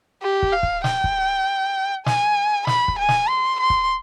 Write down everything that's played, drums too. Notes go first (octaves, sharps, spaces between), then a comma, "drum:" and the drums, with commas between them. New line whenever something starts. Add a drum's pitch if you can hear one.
G4
drum: kick
F5
drum: kick
G5, drum: snare
drum: kick
G#5, drum: snare
B5, drum: snare
drum: kick
G#5
drum: snare
C6
C6
drum: kick